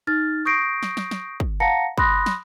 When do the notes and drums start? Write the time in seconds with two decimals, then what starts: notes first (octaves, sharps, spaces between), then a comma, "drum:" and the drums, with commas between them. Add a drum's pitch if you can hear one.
0.07 D#4 F6 A6
0.45 C#6 D#6 G6 A#6 C7 D7
0.83 drum: snare
0.97 drum: snare
1.11 drum: snare
1.40 drum: kick
1.60 F5 F#5 A5 A#5 A#6 C#7
1.98 B5 C6 D#6 F#6 A#6, drum: kick
2.26 drum: snare